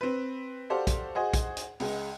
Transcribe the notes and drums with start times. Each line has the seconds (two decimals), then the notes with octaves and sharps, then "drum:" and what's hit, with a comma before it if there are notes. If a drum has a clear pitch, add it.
0.01 C4 B4
0.70 F#4 G4 A4 C5 D5 F5
0.87 drum: kick, hi-hat
1.15 F#4 G#4 C5 D#5
1.33 drum: kick, hi-hat
1.57 drum: hi-hat
1.80 C#2 G#3, drum: open hi-hat